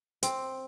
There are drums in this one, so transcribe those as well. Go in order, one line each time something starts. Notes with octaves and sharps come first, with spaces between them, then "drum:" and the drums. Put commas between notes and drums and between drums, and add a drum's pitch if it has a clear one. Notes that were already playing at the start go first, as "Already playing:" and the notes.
C4, drum: hi-hat